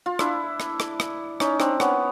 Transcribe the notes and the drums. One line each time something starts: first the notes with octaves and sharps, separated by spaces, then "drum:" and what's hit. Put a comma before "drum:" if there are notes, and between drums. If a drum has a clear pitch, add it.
F4
D4 E4, drum: rim click
drum: rim click
drum: rim click
drum: rim click
C#4 D#4, drum: rim click
C4 D4, drum: rim click
B3 C#4, drum: rim click